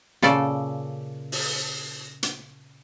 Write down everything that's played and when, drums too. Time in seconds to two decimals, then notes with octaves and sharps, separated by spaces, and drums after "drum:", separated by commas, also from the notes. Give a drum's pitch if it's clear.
0.22 A#2 C#3 A4 D5, drum: snare
1.32 drum: open hi-hat
2.23 drum: hi-hat